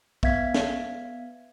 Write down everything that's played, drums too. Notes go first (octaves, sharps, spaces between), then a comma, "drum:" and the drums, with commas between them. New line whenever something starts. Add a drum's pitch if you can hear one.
B3 E5 F5 G#6 B6, drum: kick
drum: snare